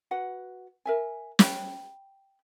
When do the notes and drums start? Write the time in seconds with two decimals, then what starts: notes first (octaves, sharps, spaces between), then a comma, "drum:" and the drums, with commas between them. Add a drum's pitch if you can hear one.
0.11 F#4 B4 F#5
0.86 A#4 E5 G#5
1.39 G5 B5, drum: snare